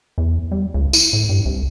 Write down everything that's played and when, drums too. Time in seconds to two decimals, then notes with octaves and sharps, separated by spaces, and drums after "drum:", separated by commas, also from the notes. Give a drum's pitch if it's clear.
0.18 E2
0.52 G3
0.74 C#2
0.93 E4, drum: tambourine
1.13 A2
1.29 G2
1.45 C2